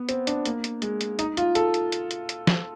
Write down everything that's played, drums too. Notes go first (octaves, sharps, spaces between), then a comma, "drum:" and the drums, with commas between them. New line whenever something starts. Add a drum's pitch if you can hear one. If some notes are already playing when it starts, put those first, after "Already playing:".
Already playing: B3
C4, drum: hi-hat
D4, drum: hi-hat
A#3, drum: hi-hat
drum: hi-hat
G#3, drum: hi-hat
drum: hi-hat
D#4, drum: hi-hat
F4, drum: hi-hat
A4, drum: hi-hat
drum: hi-hat
drum: hi-hat
drum: hi-hat
drum: hi-hat
drum: snare